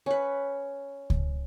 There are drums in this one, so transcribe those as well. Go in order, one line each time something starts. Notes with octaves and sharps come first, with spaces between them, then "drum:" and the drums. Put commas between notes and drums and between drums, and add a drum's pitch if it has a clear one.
C#4 B4
drum: kick C#2